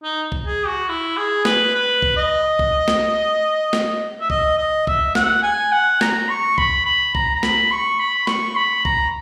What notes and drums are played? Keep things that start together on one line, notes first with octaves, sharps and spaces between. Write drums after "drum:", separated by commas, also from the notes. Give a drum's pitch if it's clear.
D#4
drum: kick
G#4
F#4
E4
G#4
B4, drum: snare
B4
drum: kick
D#5
drum: kick
drum: snare
drum: snare
E5
D#5, drum: kick
D#5
E5, drum: kick
F#5, drum: snare
G#5
F#5
A#5, drum: snare
C#6
B5, drum: kick
B5
A#5, drum: kick
A#5
B5, drum: snare
C#6
B5
C#6, drum: snare
B5
A#5, drum: kick